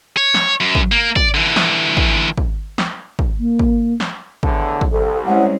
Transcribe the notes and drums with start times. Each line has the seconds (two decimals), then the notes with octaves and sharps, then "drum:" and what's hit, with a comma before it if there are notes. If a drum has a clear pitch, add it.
0.17 C#5
0.34 drum: snare
0.60 F#2
0.75 drum: kick
0.92 A#3
1.16 D5, drum: kick
1.34 D3 E3
1.56 drum: snare
1.97 drum: kick
2.38 drum: kick
2.78 drum: snare
3.19 drum: kick
3.39 A#3
3.59 drum: kick
4.00 drum: snare
4.43 E2 A2 D3, drum: kick
4.81 drum: kick
4.92 C2 A4
5.26 G3 G#3 C#4 E4 C5 C#5 F#5